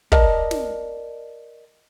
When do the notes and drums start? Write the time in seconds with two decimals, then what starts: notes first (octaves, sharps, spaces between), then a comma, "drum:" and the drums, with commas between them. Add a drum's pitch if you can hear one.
0.12 A#4 D5 D#5 A5, drum: kick
0.51 drum: snare